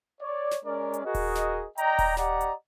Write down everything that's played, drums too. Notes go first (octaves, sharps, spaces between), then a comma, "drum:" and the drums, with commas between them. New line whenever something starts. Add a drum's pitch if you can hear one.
C#5 D5
drum: snare
G#3 C#4 A#4 D5
drum: hi-hat
F#4 G#4 A#4 D#5
drum: kick D#1, open hi-hat
drum: snare
D5 D#5 G5 A#5, drum: hi-hat
drum: kick D#1, open hi-hat
G4 D5 D#5 F#5 A#5, drum: snare
drum: hi-hat